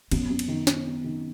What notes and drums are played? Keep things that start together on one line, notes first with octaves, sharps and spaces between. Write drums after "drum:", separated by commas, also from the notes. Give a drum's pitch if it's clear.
F#2 B3, drum: cymbal
F#2
drum: cymbal
D#3
B3, drum: snare
B3
D#3